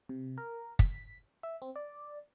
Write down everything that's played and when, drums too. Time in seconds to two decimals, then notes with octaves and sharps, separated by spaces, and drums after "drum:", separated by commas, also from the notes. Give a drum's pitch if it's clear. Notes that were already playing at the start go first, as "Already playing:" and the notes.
0.09 C3
0.38 A#4
0.79 B6, drum: kick
1.43 E5
1.62 C4
1.76 D5